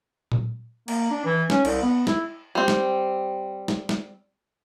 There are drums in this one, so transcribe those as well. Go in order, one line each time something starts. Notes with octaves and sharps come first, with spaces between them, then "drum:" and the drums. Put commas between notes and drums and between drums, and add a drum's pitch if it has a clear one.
drum: tom A#2
A#3, drum: cymbal
D4
E3
C#4, drum: snare
C2, drum: cymbal
B3
E4, drum: snare
G3 C4
drum: snare
drum: snare
drum: snare